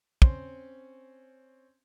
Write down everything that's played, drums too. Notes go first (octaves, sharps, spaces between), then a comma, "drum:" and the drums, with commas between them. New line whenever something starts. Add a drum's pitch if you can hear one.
C4 C#4 C6, drum: kick